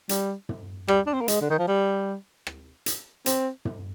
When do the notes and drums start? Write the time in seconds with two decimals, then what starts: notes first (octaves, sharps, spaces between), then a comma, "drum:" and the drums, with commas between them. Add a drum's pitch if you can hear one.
0.09 G3, drum: hi-hat
0.49 drum: tom
0.88 G3, drum: rim click
1.07 D4
1.13 C4
1.21 A#3
1.28 G#3, drum: hi-hat
1.41 D3
1.50 D#3
1.59 F3
1.68 G3
2.47 drum: rim click
2.86 drum: hi-hat
3.26 C4, drum: hi-hat
3.65 drum: tom